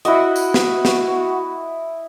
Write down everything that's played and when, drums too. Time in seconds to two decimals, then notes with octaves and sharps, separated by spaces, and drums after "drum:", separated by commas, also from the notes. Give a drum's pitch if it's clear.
0.05 E4 F#4 D#5, drum: hi-hat
0.36 drum: tambourine
0.54 drum: snare
0.85 drum: snare